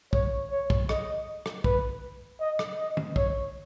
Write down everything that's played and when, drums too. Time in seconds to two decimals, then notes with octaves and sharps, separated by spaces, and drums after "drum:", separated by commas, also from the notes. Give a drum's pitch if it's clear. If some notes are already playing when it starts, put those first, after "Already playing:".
0.13 C#5, drum: kick
0.51 C#5
0.70 drum: kick
0.89 D#5, drum: rim click
1.46 drum: rim click
1.64 B4, drum: kick
2.40 D#5
2.59 drum: rim click
2.78 D#5
2.97 drum: tom
3.16 C#5, drum: kick